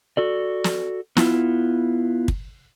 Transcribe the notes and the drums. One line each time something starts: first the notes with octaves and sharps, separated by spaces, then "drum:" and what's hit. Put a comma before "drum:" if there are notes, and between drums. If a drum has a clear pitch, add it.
F#4 A4 D5
drum: snare
B3 E4 F4, drum: snare
drum: kick